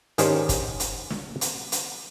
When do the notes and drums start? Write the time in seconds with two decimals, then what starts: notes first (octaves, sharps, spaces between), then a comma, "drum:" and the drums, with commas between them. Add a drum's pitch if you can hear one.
0.18 G#2 D#3 C#4 D4 G4 C5, drum: hi-hat
0.49 drum: kick, hi-hat
0.80 drum: hi-hat
1.10 drum: snare
1.41 drum: hi-hat
1.72 drum: hi-hat